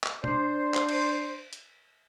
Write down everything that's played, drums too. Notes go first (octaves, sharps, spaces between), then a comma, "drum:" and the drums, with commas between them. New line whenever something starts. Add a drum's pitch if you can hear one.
drum: clap
D4 C5, drum: tom B2
drum: clap
drum: cymbal
drum: hi-hat